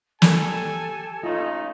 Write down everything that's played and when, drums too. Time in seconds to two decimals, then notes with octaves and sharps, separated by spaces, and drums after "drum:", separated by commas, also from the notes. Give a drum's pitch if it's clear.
0.22 G4 A4 D5 G#5 A5, drum: snare
1.24 C#3 A3 D#4 F4